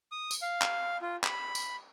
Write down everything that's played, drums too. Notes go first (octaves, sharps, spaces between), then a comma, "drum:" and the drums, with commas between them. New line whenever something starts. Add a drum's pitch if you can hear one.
D#6
drum: tambourine
F5
drum: clap
F4
B5, drum: clap
drum: tambourine